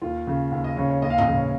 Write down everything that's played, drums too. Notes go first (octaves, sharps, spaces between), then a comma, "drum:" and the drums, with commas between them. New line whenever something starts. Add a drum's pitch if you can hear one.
D#2 F4
C#3
D#2
D#5
C#3 C#5
C#5
D#2 D#5
F5
D#5, drum: tom G#2
C#3
C#5